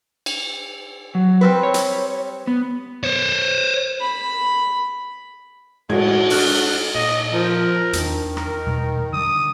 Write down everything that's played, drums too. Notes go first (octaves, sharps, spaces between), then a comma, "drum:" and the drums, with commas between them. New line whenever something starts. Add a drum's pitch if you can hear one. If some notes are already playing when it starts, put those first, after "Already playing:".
drum: cymbal
F#3
G3 C4 B4
C#5
drum: hi-hat
B3
C5 C#5
B5
A2 G#3 F#4 G#6, drum: cymbal
D4 F6 F#6, drum: open hi-hat
A#2 D#5
F3 A#4
E2 D#3 A#3 D4, drum: hi-hat
A#4, drum: rim click
E2 B2 G3
D3 G3 D#6